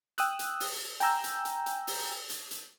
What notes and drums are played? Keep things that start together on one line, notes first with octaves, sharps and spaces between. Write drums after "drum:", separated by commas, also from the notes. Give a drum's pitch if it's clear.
G5 D#6 E6 F#6, drum: hi-hat
drum: hi-hat
drum: open hi-hat
G5 G#5 A#5 E6 G6, drum: hi-hat
drum: hi-hat
drum: hi-hat
drum: hi-hat
drum: open hi-hat
drum: hi-hat
drum: hi-hat